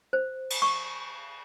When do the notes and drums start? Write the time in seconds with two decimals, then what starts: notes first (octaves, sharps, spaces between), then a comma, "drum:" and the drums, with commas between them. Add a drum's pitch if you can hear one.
0.13 C5
0.50 drum: cymbal
0.62 C#6